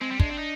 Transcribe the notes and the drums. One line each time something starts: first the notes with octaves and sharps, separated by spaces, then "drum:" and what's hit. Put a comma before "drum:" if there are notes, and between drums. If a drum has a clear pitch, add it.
G#3 C4
G3
G#3 D4, drum: kick
C4
D#4